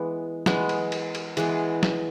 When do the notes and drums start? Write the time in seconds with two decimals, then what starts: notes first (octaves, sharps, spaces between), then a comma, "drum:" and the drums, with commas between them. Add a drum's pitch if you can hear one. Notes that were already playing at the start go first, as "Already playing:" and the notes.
Already playing: E3 G#3 B3
0.46 E3 G#3 B3, drum: snare
0.69 drum: cymbal
0.92 drum: cymbal
1.15 drum: cymbal
1.37 E3 G#3 B3 G#4, drum: cymbal
1.83 drum: snare